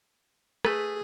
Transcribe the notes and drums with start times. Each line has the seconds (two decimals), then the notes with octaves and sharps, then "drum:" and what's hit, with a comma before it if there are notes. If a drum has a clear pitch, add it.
0.65 A3 G#4 B4, drum: rim click